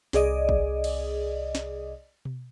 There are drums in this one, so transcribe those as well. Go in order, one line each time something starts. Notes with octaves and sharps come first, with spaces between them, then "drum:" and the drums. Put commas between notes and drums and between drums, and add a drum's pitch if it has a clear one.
C2 G#4 D5 D#5, drum: snare
drum: kick
drum: cymbal
drum: snare
drum: tom B2